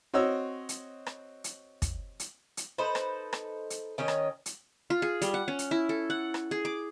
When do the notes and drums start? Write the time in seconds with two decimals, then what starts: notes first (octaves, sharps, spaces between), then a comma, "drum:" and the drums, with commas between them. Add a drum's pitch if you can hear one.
0.14 C4 F#4 C#5 D#5 E6
0.69 drum: hi-hat
1.06 drum: rim click
1.44 drum: hi-hat
1.82 drum: kick, hi-hat
2.20 drum: hi-hat
2.57 drum: hi-hat
2.78 D#4 A4 B4 C5
2.95 drum: rim click
3.33 drum: rim click
3.70 drum: hi-hat
3.98 D#3 C#4 C#5 D#5
4.08 drum: rim click
4.46 drum: hi-hat
4.90 F4
5.02 G#4
5.22 G3, drum: hi-hat
5.34 F#5
5.48 C#4
5.59 drum: hi-hat
5.71 E4
5.89 A4
6.10 F#5
6.34 drum: rim click
6.51 G#4
6.65 D6